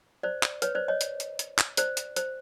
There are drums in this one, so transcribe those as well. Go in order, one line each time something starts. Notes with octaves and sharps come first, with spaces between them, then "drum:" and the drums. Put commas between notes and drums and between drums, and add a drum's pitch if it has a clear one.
C5 D5
drum: clap
B4 C#5, drum: hi-hat
C5 D5
C#5 D#5
drum: hi-hat
drum: hi-hat
drum: hi-hat
drum: clap
C5 D5, drum: hi-hat
drum: hi-hat
C5, drum: hi-hat